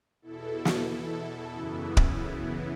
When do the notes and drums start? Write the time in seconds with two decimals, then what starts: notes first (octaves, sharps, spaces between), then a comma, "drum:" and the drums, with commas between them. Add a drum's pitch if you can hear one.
0.22 E2 B2 E4 A4
0.65 drum: snare
1.53 F#2 C#3 E3 B3 E4
1.97 drum: kick D1